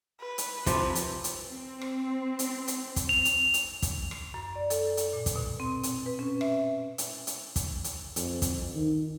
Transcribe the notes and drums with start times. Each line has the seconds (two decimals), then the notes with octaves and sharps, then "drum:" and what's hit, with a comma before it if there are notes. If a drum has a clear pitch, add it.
0.20 B4
0.38 drum: hi-hat
0.66 C3 F3, drum: kick, hi-hat
0.95 drum: hi-hat
1.24 drum: hi-hat
1.49 C4
1.81 drum: rim click
2.39 drum: hi-hat
2.68 drum: hi-hat
2.96 drum: kick, hi-hat
3.09 F7
3.25 drum: hi-hat
3.54 drum: hi-hat
3.82 drum: kick, hi-hat
4.11 drum: rim click
4.34 F#2
4.56 D5
4.70 A4, drum: hi-hat
4.97 drum: hi-hat
5.13 A#2
5.26 drum: kick, hi-hat
5.36 B2
5.60 C4
5.83 drum: hi-hat
6.06 B4
6.19 C#4
6.41 E5, drum: rim click
6.98 drum: hi-hat
7.27 drum: hi-hat
7.56 drum: kick, hi-hat
7.84 drum: hi-hat
8.16 F2, drum: hi-hat
8.42 drum: kick, hi-hat
8.75 D#3